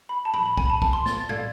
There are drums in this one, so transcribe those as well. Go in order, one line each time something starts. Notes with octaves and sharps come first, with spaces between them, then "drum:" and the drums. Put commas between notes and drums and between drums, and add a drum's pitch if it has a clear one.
B5
A5
B5, drum: tom
B5
G#5, drum: kick
B5
A5
A5, drum: kick
C6
A6, drum: snare
A6
A4 D5 F5 G#6, drum: tom G#2